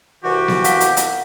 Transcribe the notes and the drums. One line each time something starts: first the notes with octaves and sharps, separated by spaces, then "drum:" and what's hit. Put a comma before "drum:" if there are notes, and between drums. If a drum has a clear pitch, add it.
C2 E3 F#4 G4
drum: snare B3
F5 F#5 B6, drum: hi-hat
drum: hi-hat
drum: hi-hat